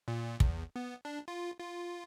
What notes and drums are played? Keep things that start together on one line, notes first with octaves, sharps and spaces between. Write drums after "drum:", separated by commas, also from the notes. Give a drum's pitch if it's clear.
A#2
E2, drum: kick
B3
D4
F4
F4